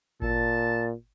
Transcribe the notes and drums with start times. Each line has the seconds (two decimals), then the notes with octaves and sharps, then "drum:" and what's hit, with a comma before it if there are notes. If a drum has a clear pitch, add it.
0.22 A#2 A5, drum: kick G#1